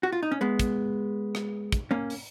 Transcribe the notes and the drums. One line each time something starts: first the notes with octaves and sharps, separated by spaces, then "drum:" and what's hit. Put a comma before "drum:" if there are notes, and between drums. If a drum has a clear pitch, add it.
F#4
F4
D#4
C#4
G#3 B3
drum: kick, hi-hat
drum: rim click
drum: kick, hi-hat
A#3 C#4
drum: open hi-hat